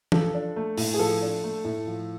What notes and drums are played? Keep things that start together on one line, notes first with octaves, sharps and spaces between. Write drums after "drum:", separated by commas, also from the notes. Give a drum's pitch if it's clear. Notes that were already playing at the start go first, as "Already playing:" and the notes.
F3 A4, drum: tom
D4
A3
A2, drum: open hi-hat
G#4
F3 A4
D4
A3
A2
F3